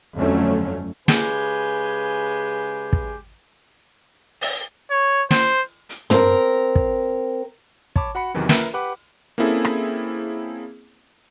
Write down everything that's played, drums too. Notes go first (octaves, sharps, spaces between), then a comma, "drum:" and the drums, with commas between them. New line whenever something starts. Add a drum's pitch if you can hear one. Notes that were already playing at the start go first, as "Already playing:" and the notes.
G1 F2 D3 F#3 A3 C#4
C#3 G#3 G4 B4 G#5, drum: snare
drum: kick
drum: open hi-hat
C#5
C5, drum: snare
drum: hi-hat
C4 A#4, drum: tom
drum: kick
C#5 A5 B5 D6, drum: kick
F#4 F#5 B5 C#7
E2 C3 D#3 E3 F#3
A#4 B4 E5, drum: snare
G4 B4 F#5 D6
A#3 C4 C#4 E4 G#4 A4
drum: rim click